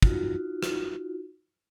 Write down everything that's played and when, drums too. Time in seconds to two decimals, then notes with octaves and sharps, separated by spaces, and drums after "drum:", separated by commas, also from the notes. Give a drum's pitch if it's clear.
0.02 D#4 F4 F#4, drum: kick
0.63 drum: rim click